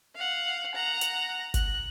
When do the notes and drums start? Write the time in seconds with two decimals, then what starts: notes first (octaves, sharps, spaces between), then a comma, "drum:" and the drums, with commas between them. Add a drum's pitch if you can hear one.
0.15 F5 F#5
0.74 F#5 A#5
1.01 drum: hi-hat
1.54 F#6, drum: kick G1, hi-hat